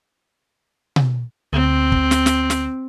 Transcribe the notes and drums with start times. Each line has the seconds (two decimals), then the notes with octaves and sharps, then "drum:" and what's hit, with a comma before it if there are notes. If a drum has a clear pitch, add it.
0.96 drum: tom B2
1.53 D2 C4
1.92 drum: kick
2.11 drum: snare
2.26 drum: snare
2.50 drum: snare